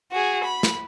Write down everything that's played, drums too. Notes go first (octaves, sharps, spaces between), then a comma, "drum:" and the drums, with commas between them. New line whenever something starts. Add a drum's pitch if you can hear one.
F#4 G#4
B5
drum: snare